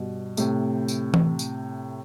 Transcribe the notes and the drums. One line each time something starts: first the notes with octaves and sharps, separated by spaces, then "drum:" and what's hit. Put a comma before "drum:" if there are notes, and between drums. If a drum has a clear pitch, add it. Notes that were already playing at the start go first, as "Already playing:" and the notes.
Already playing: G2 B2
A2 C3, drum: tambourine
drum: tambourine
drum: tom E3
drum: tambourine